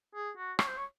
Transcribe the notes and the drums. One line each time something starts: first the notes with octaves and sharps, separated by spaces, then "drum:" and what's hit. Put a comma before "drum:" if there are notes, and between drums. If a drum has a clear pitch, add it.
G#4
F#4
C#5, drum: rim click
C5
C#5